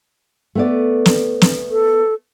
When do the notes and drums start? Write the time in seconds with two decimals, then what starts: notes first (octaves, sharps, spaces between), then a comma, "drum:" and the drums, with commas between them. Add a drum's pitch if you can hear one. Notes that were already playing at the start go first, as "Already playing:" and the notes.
0.55 A3 B3 D5
1.06 drum: snare
1.41 drum: snare
1.71 A4